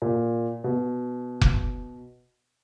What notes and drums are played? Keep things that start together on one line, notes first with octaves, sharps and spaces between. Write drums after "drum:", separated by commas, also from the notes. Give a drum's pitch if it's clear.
A#2
B2
drum: kick F1